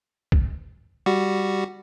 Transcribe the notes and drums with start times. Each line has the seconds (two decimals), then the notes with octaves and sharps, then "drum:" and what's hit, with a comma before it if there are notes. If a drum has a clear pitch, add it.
0.32 drum: kick
1.06 G3 F#4